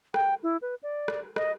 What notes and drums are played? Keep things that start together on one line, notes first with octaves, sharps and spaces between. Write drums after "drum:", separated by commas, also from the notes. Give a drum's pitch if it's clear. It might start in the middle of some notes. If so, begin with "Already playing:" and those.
G5, drum: rim click
E4
B4
D5
drum: rim click
D#5, drum: rim click